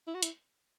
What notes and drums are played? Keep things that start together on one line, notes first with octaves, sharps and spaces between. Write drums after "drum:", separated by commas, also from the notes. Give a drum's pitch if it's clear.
E4
F#4
E4, drum: hi-hat